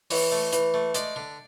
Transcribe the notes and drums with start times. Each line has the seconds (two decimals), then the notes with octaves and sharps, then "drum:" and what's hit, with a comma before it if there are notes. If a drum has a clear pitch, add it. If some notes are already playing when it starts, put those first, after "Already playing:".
0.11 E3 C#5, drum: open hi-hat
0.32 A3
0.53 E3, drum: hi-hat
0.74 A3
0.95 G#3 D5, drum: hi-hat
1.16 D3